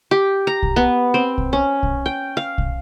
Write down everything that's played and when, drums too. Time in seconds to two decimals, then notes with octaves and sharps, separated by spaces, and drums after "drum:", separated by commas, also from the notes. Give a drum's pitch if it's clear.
0.11 G4
0.47 A#5
0.63 drum: kick
0.76 B3
1.14 C4
1.38 drum: kick
1.53 C#4
1.83 drum: kick
2.06 G5
2.37 F5
2.58 drum: kick